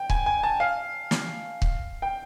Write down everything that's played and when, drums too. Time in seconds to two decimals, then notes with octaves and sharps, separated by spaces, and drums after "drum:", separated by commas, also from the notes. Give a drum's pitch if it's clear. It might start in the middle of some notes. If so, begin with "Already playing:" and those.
Already playing: G5
0.10 G#5, drum: kick C#1
0.26 G#5
0.43 A5
0.60 F5
1.11 drum: snare
1.62 drum: kick C#1
2.02 G5